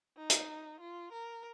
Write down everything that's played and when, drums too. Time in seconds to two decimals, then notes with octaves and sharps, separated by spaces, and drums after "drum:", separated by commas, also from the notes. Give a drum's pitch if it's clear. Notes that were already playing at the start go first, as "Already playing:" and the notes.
0.17 D#4
0.30 drum: hi-hat
0.80 F4
1.12 A#4